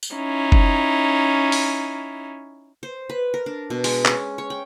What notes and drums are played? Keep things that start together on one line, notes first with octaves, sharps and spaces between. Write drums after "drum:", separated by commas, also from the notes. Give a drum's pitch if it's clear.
drum: tambourine
C#4 D#4 E4
drum: kick F#1
drum: open hi-hat
C5
B4
A#4
D4
B2
G#3, drum: open hi-hat
C#4, drum: clap
C#5
G5